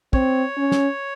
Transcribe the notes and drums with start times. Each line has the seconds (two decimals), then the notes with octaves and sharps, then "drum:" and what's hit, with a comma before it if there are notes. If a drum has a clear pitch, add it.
0.13 C4 C#5, drum: kick
0.57 C#4
0.72 drum: snare